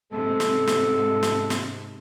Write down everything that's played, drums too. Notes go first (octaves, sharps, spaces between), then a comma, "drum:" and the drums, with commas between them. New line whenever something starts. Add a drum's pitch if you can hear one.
G#2 C3 G#3 A4
drum: snare
drum: snare
drum: snare
drum: snare